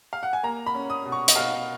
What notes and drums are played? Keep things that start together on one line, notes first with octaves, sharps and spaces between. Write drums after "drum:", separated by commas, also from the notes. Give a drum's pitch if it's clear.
F5
F#5
G#5
A#3 A#5
B5
C#4
D#6
B2
C#6
D#5, drum: hi-hat
B2 F5